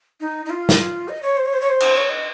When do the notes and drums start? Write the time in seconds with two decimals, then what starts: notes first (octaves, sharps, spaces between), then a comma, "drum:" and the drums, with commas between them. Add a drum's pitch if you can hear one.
0.20 D#4
0.46 D#4
0.50 F4
0.69 drum: snare
0.79 F4
1.09 D#5
1.22 C#5
1.37 C5
1.45 C#5
1.53 C5
1.61 C#5
1.69 C5
1.80 drum: cymbal
1.96 C#5
2.10 D#5